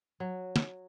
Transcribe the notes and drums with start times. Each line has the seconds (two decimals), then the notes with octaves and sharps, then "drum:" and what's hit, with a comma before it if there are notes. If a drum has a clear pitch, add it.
0.20 F#3
0.56 drum: snare